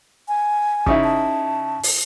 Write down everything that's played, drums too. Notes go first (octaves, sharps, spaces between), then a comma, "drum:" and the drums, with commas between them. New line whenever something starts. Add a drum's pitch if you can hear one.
G#5
C#3 D#4 E4, drum: kick
A5
drum: open hi-hat